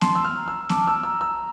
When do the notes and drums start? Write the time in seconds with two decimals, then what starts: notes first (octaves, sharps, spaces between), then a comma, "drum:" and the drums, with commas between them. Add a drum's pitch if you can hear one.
0.01 A5 C6, drum: snare B3
0.15 E6
0.24 F6
0.37 A#5
0.48 E6
0.69 A5 D6, drum: snare B3
0.87 E6
1.03 A#5 E6
1.21 E6